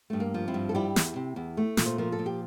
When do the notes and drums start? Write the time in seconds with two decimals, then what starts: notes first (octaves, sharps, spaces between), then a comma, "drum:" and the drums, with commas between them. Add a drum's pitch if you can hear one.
0.10 G2 A3
0.20 A#3
0.34 F3
0.48 C4 E4
0.54 G2
0.69 A4
0.75 G3 E4 G4
0.96 E2, drum: snare
1.16 C3
1.36 E2
1.57 A3
1.77 A#2, drum: snare
1.86 C5
1.98 F3 A#4
2.12 A4
2.19 A#2
2.26 G4